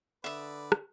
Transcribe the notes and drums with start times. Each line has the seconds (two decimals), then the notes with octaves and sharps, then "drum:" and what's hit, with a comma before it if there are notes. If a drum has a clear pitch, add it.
0.24 D3 B4 D5 E5 D#6
0.72 drum: rim click